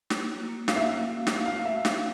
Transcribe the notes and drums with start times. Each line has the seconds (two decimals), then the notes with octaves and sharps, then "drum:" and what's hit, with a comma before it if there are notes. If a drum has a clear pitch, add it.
0.10 A#3, drum: snare
0.29 F#4
0.49 A#3
0.68 C#4 F5, drum: snare
0.76 E5
0.85 A#3 F5
1.07 F#4
1.27 A3 F5, drum: snare
1.45 F#4 F5
1.65 A3 E5
1.85 C#4 F5, drum: snare